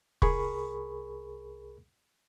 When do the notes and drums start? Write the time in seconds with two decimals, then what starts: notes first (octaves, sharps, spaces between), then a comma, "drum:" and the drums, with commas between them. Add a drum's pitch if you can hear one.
0.22 C2 G#4 A#4 B5 C#6, drum: kick